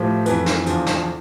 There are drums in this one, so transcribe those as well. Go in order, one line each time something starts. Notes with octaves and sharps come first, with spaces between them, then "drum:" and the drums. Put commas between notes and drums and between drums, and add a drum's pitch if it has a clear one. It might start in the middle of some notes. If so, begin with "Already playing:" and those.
Already playing: A2 F3 G4
F2 E3 B4, drum: hi-hat
drum: snare
E2 D3 F3, drum: hi-hat
drum: snare